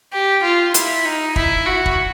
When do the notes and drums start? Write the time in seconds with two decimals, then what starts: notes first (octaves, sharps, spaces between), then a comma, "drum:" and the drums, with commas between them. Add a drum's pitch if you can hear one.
0.13 G4
0.43 F4
0.74 E4, drum: hi-hat
1.05 D#4
1.36 E4, drum: kick
1.66 F#4
1.86 drum: kick